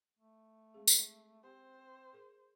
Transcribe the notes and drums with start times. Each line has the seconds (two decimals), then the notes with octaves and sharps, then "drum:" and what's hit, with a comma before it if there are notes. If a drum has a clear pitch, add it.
0.19 A3
0.74 G#3 C4 G#4
0.88 drum: tambourine
1.44 C4 G4 C5 G#5
2.13 G#4 A#4 C6